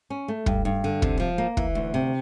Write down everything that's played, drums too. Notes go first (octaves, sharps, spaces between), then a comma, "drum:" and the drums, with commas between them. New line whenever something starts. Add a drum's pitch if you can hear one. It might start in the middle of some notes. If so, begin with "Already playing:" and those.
C#4
A3
G2, drum: kick
G2
D3
C3, drum: kick
F3
A#3
E3, drum: kick
D2
C3